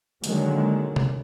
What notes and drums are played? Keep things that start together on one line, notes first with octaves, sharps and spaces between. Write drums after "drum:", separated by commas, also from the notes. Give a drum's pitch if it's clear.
D3 D#3 F#3 G#3 A#3, drum: hi-hat
drum: tom C3